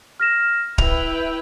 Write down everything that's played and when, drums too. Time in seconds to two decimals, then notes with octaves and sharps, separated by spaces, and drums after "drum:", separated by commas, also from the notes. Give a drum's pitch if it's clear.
0.20 F6 A#6 E7
0.78 E4 B4 G5 F7, drum: kick